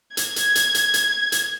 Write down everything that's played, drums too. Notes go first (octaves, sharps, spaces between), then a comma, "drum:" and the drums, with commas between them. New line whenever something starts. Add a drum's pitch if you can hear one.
G#6, drum: hi-hat
drum: hi-hat
drum: hi-hat
drum: hi-hat
drum: hi-hat
drum: hi-hat